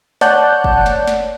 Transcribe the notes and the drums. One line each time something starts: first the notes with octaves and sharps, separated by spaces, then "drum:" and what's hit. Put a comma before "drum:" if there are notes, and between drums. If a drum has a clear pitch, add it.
C#5 D5 F#5 A5 F#6 G6, drum: snare
drum: kick
drum: snare
drum: snare